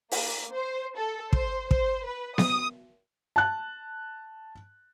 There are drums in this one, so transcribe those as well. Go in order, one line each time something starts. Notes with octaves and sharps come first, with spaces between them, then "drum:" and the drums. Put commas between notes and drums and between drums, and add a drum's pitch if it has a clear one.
A#3, drum: open hi-hat
C5
A4
C5, drum: kick
C5, drum: kick
B4
D#6, drum: snare B3
A5 F#6